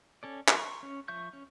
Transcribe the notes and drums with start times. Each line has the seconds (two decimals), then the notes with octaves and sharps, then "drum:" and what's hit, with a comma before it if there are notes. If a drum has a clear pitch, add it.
0.23 C#4 A4 D5
0.48 A#5 C6 C#6, drum: clap
0.83 C#4
1.08 F3 E5 C#6 G6
1.33 C#4